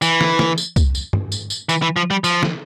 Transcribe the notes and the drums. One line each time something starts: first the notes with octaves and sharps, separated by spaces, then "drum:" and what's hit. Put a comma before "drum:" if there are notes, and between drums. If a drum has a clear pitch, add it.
E3, drum: tambourine
drum: snare
drum: snare
drum: tambourine
drum: kick C2, tambourine
drum: tambourine
drum: tom G2
drum: tambourine
drum: tambourine
E3, drum: tambourine
E3
F3
G3
F3, drum: tambourine
drum: snare